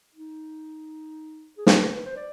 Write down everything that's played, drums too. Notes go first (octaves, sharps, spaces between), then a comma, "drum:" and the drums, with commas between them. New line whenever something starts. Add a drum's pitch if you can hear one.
D#4
G#4
B4, drum: snare
B4
C5
D5